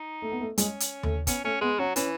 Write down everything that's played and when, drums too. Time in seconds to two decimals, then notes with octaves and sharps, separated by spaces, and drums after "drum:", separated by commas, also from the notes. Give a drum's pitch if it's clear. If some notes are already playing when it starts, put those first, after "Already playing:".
Already playing: D#4
0.22 A3
0.32 B3
0.40 A3
0.58 G#3 C#4, drum: hi-hat
0.80 drum: hi-hat
1.03 A3, drum: tom D#2
1.27 B3 C#4, drum: kick, hi-hat
1.44 A3 C#4
1.61 G#3 B3
1.79 F#3 C#4
1.96 E3 C#4, drum: hi-hat